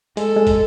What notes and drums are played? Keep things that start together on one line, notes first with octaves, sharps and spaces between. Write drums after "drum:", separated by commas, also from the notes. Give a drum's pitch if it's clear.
G#3 A4, drum: hi-hat
G#3
drum: kick, hi-hat